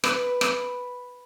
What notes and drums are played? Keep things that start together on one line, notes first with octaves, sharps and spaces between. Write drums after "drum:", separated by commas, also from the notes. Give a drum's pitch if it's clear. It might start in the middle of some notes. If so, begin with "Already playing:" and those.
B4, drum: rim click
drum: rim click